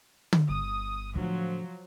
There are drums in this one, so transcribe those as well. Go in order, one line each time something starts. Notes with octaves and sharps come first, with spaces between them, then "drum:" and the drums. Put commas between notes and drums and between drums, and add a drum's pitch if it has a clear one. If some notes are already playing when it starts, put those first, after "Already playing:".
drum: tom D3
G1 D#6
A2 D3 F3 F#3